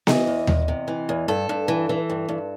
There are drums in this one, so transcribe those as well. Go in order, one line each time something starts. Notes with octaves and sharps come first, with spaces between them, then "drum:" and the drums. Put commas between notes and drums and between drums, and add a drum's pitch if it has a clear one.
E3 D#5, drum: snare B3
E2
E2, drum: tom D#2
C3
E3
E2
G2 A4
G2
E3
E3
G2
G2